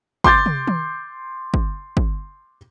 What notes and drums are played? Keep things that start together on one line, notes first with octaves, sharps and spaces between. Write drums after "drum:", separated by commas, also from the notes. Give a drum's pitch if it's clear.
C6 D6 G6 A6, drum: kick
drum: tom
drum: tom D#3
drum: kick
drum: kick